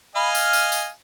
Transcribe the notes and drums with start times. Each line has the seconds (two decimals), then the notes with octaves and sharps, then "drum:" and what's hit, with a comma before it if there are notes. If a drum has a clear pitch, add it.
0.16 D#5 F5 G#5 B5
0.35 F6, drum: tambourine
0.53 drum: tambourine
0.72 drum: tambourine